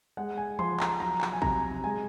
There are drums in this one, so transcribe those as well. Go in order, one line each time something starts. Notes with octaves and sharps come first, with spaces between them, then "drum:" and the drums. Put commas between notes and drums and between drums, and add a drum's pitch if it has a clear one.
G#3 F#5
G#5
F3 C6, drum: tom E3
A#5, drum: clap
F#3 A#5
drum: clap
G#5
C3 A#5, drum: kick
G#3 G#5